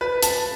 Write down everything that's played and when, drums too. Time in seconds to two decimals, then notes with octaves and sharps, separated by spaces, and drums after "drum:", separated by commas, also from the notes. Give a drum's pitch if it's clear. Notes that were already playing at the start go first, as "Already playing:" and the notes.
0.01 B4
0.23 A5, drum: hi-hat